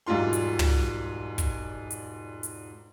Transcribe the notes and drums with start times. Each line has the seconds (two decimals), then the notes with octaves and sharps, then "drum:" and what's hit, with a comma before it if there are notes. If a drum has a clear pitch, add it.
0.06 E1 G#2 G3 F4 C6
0.33 drum: hi-hat
0.59 drum: tom
1.38 drum: kick, hi-hat
1.90 drum: hi-hat
2.43 drum: hi-hat